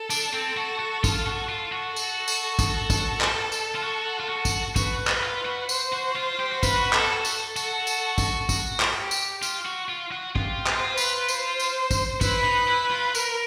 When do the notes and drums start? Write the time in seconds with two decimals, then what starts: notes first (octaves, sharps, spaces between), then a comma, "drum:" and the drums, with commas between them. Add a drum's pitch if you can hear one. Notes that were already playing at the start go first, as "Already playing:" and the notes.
Already playing: A4
0.10 D4, drum: tambourine
0.33 C4
0.57 F#4
0.79 F#4
1.04 F4, drum: kick, tambourine
1.27 F#4
1.49 F4
1.73 F#4
1.96 A4, drum: tambourine
2.28 drum: tambourine
2.59 drum: kick, tambourine
2.90 drum: kick, tambourine
3.21 drum: clap
3.52 drum: tambourine
3.76 F4
3.83 F#4
4.20 F4
4.29 F#4
4.45 drum: kick, tambourine
4.76 F#4 B4, drum: kick, tambourine
5.07 drum: clap
5.23 F4
5.45 F#4
5.69 C5, drum: tambourine
5.93 F#4
6.16 F4
6.39 G4
6.52 F#4
6.63 F4 B4, drum: kick, tambourine
6.75 F#4
6.93 A4, drum: clap
7.25 A4, drum: tambourine
7.56 F#4, drum: tambourine
7.87 drum: tambourine
8.18 drum: kick, tambourine
8.49 drum: kick, tambourine
8.80 drum: clap
8.96 G4
9.11 drum: tambourine
9.43 F4, drum: tambourine
9.66 F#4
9.89 F4
10.12 F#4
10.36 F4 G4, drum: kick
10.66 C5, drum: clap
10.98 B4, drum: tambourine
11.28 C5, drum: tambourine
11.60 drum: tambourine
11.91 drum: kick, tambourine
12.21 E4 B4, drum: kick, tambourine
12.44 D#4
12.68 E4
12.91 F4
13.15 A#4, drum: tambourine